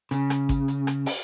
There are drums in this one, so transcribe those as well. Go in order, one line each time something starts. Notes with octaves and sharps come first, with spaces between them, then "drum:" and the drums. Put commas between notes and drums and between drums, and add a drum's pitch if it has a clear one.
C#3, drum: hi-hat
drum: rim click
drum: kick G#1, hi-hat
drum: hi-hat
drum: rim click
drum: open hi-hat